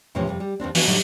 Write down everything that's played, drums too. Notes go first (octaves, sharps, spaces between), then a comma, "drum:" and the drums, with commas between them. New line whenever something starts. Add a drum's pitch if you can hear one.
E2 A2 C3 F3 C4 C#4
F2 C3 G3
G3
D#2 G#2 C4 D4
E3 F3 B3 D4 E4 F#4, drum: open hi-hat
A2 D3 F#3 G3 D#4